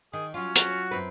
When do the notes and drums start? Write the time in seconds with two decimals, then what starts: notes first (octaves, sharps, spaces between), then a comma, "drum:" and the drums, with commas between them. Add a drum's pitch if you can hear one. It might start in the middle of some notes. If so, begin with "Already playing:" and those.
0.13 D#3 G#4
0.34 F#3 C#4 F4
0.56 F#4, drum: hi-hat
0.91 F#2 C4 B4